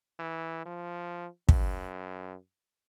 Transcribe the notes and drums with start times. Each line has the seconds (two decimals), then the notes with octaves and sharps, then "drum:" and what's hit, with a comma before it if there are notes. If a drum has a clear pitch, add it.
0.19 E3
0.66 F3
1.49 F#2, drum: kick